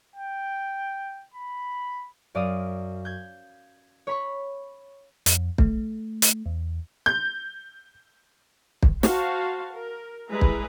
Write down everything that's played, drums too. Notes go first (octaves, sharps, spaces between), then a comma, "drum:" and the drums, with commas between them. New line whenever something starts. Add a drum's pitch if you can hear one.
G5
B5
F#2 D5 F5 D#6
G6 G#6
C#5 B5 C#6
F2, drum: hi-hat
A3, drum: kick
drum: hi-hat
E2
G6
drum: kick
F#4 C5 F5 A5, drum: snare
A#4
G3 G#3 E4 G#4 B4 A#5
drum: kick